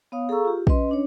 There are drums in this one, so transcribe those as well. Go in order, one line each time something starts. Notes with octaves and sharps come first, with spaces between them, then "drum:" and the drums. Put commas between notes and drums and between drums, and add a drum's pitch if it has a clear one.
B3 C#5 F5 D#6
G#4 A4 F5 A#5 C#6 E6
F4 G4
C#4 B4 D#5 C6, drum: kick A#1
C#4 D4 C#5